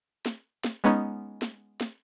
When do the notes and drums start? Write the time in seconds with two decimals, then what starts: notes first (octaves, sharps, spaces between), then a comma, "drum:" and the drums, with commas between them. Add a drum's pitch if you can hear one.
0.26 drum: snare
0.64 drum: snare
0.84 G#3 B3 C#4 D#4
1.42 drum: snare
1.81 drum: snare